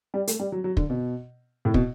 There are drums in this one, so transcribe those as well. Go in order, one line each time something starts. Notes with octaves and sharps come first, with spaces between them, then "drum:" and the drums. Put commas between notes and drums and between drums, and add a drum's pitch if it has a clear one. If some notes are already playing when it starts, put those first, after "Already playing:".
G3
A3, drum: hi-hat
G3
F#3
F#3
D3, drum: kick
B2
A2
B2, drum: kick